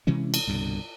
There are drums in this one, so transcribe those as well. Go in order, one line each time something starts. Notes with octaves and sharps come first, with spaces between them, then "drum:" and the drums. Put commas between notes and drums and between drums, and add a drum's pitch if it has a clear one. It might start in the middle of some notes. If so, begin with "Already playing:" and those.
C3 E3 G#3 C#4
drum: cymbal
C2 G2 B2 D3